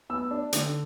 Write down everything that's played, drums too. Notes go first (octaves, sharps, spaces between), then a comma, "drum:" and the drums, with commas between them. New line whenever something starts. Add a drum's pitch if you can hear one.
B3 E6
D4
D3, drum: hi-hat